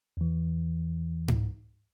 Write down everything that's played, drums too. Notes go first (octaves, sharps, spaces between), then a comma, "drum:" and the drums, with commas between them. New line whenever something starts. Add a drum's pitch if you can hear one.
E2 E3
drum: tom G#2